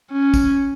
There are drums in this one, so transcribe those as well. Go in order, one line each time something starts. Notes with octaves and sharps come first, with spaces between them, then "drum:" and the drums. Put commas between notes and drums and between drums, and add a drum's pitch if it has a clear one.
C#4
drum: kick, tambourine